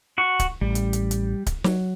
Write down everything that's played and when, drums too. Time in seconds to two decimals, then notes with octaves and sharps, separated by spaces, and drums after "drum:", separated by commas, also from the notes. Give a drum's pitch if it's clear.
0.18 F#4 C#6
0.40 drum: kick D1, hi-hat
0.61 A1 G3
0.75 drum: hi-hat
0.93 drum: hi-hat
1.11 drum: hi-hat
1.46 drum: kick D1, hi-hat
1.64 F#3, drum: snare